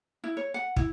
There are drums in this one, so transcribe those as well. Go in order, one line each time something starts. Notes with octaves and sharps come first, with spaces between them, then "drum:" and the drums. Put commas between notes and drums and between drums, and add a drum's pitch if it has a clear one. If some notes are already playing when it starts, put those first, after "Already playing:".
E4
C#5
F#5
E4, drum: kick